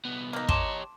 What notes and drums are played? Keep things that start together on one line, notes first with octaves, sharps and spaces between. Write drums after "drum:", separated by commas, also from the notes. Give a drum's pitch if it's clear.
C2 B3
A#3 D#4
G4 C#5 A5 C6 D6, drum: kick